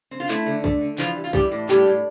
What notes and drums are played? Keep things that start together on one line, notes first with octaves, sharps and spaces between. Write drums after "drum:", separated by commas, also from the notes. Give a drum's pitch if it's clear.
C4
F4
A3 E4, drum: clap
D3
A3, drum: kick
D3
E3 F3 F4, drum: clap
G3
F4
E3 G3 G4, drum: kick
A2
A2 G3 G4, drum: clap
A2